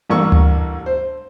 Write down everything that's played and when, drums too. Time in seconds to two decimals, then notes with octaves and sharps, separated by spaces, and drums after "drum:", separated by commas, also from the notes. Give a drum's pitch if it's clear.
0.10 A1 G2 A#3 C#6 E6
0.32 drum: tom D2
0.86 C5